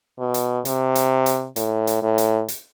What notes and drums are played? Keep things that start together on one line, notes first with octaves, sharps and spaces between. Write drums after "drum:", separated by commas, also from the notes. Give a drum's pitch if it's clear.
B2
drum: hi-hat
C3, drum: hi-hat
drum: hi-hat
drum: hi-hat
A2, drum: hi-hat
drum: hi-hat
A2
drum: hi-hat
drum: hi-hat